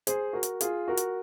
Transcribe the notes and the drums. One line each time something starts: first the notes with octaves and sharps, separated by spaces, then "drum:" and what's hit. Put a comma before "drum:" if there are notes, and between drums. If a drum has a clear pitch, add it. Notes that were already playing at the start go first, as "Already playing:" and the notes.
G#4 C5, drum: hi-hat
F#4 A#4
drum: hi-hat
F4 G#4, drum: hi-hat
F#4 A#4
drum: hi-hat